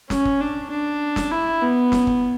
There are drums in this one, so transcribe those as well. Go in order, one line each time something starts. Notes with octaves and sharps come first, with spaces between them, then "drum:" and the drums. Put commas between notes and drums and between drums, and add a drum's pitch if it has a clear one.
C#4, drum: snare
drum: kick
D4
D4
drum: snare
E4
B3
drum: snare
drum: kick